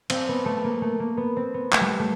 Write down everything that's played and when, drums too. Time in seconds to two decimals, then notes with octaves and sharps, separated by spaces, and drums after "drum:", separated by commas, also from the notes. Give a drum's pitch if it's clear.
0.10 C4, drum: cymbal
0.29 B3
0.45 A3
0.64 A#3
0.82 A3
1.00 A#3
1.17 B3
1.36 C4
1.54 B3
1.72 A3, drum: clap
1.81 G3
1.99 A3